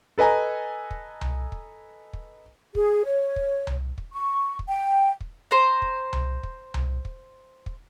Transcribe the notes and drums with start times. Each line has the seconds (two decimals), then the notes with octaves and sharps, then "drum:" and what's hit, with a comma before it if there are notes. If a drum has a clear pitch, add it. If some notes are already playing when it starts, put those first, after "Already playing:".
0.18 A4 B4 D#5 G#5 A#5
0.91 drum: kick
1.21 drum: tom C2
1.52 drum: kick
2.13 drum: kick
2.75 G#4, drum: kick
3.05 C#5
3.36 drum: kick
3.67 drum: tom C2
3.98 drum: kick
4.13 C#6
4.59 drum: kick
4.69 G5
5.21 drum: kick
5.51 C5 A#5
5.82 drum: kick
6.13 drum: tom C2
6.43 drum: kick
6.74 drum: tom C2
7.05 drum: kick
7.66 drum: kick